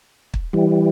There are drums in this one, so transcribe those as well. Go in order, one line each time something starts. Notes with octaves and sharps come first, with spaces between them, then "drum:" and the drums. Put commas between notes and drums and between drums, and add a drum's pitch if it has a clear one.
drum: kick
E3 G3